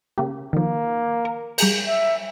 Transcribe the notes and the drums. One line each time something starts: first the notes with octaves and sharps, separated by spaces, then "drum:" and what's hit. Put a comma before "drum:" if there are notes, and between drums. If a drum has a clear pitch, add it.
C#3 A#3 G4
D#3 F3 A#3
A#4
G3 G#4 A#4, drum: cymbal
E5